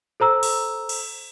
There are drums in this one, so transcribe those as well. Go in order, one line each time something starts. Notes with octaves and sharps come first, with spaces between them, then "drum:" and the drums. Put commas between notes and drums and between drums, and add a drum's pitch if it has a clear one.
A4 C5 A#5 E6
drum: open hi-hat
drum: cymbal